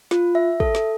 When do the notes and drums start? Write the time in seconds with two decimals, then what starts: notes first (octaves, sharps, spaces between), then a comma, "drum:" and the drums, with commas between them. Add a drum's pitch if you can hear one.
0.11 F4, drum: snare
0.35 E5
0.60 A4, drum: kick
0.75 drum: snare